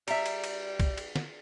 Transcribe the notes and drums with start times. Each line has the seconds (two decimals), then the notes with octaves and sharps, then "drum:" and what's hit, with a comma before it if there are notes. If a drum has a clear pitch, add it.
0.08 G3 E5 A#5, drum: cymbal
0.26 drum: cymbal
0.44 drum: cymbal
0.80 drum: kick C2, cymbal
0.98 drum: cymbal
1.16 drum: snare